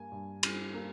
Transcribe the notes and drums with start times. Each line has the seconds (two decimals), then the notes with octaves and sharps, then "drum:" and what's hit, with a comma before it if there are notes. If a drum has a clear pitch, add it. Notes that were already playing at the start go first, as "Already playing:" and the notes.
Already playing: G2 A#3 G#5
0.12 G2
0.43 G3, drum: cymbal
0.74 A#3